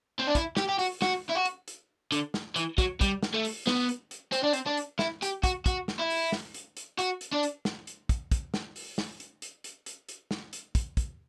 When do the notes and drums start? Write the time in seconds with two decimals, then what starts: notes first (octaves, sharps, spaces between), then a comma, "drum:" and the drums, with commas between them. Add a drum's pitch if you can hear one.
0.19 C4
0.27 D4
0.35 E4, drum: kick, hi-hat
0.57 G4, drum: snare
0.69 G4
0.79 F#4, drum: open hi-hat
1.02 F#4, drum: snare
1.29 E4
1.35 F#4
1.46 drum: hi-hat
1.68 drum: hi-hat
2.12 D3, drum: hi-hat
2.34 drum: snare
2.56 E3, drum: hi-hat
2.78 F#3, drum: kick, hi-hat
3.01 G3, drum: kick, hi-hat
3.23 drum: snare
3.34 A3
3.45 drum: open hi-hat
3.67 B3, drum: snare
3.89 drum: hi-hat
4.11 drum: hi-hat
4.33 C4, drum: hi-hat
4.44 D4
4.53 C4, drum: hi-hat
4.67 D4
4.77 drum: hi-hat
4.99 E4, drum: snare
5.22 G4, drum: hi-hat
5.43 F#4, drum: kick, hi-hat
5.66 F#4, drum: kick, hi-hat
5.88 drum: snare
5.99 E4
6.10 drum: open hi-hat
6.32 drum: snare
6.54 drum: hi-hat
6.77 drum: hi-hat
6.99 F#4, drum: hi-hat
7.21 drum: hi-hat
7.33 D4
7.43 drum: hi-hat
7.65 drum: snare
7.87 drum: hi-hat
8.09 drum: kick, hi-hat
8.32 drum: kick, hi-hat
8.54 drum: snare
8.76 drum: open hi-hat
8.98 drum: snare
9.20 drum: hi-hat
9.42 drum: hi-hat
9.64 drum: hi-hat
9.86 drum: hi-hat
10.09 drum: hi-hat
10.31 drum: snare
10.53 drum: hi-hat
10.75 drum: kick, hi-hat
10.97 drum: kick, hi-hat